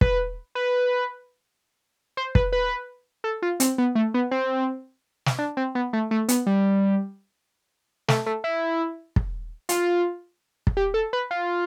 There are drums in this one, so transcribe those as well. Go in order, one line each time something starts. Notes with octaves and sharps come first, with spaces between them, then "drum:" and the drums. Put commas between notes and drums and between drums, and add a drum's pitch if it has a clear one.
B4, drum: kick
B4
C5
B4, drum: kick
B4
A4
F4
C4, drum: hi-hat
B3
A3
B3
C4
drum: snare
D4
C4
B3
A3
A3
B3, drum: hi-hat
G3
A3, drum: snare
A3
E4
drum: kick
F4, drum: hi-hat
drum: kick
G4
A4
B4
F4